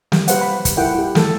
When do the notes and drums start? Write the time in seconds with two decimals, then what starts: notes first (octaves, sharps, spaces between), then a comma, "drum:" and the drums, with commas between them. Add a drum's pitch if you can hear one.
0.12 G3, drum: snare
0.28 G4 B4 C5 F5 F#5, drum: hi-hat
0.41 B5
0.65 drum: kick, hi-hat
0.77 E4 A4 A#4 F#5 G5
0.95 E4 G4
1.15 G3 A3 A4, drum: snare